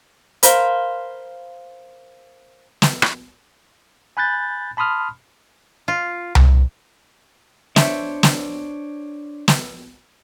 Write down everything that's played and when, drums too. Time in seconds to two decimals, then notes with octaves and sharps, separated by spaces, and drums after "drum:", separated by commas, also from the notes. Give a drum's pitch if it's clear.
0.43 A#4 C5 F5 B5, drum: hi-hat
2.82 drum: snare
3.02 drum: rim click
4.17 G#5 B5 F#6 G6 A6
4.77 A5 B5 C6 D#6 F6
5.88 F4
6.35 drum: tom C2
7.76 D4 C5 C#5 E5, drum: snare
8.23 drum: snare
9.48 drum: snare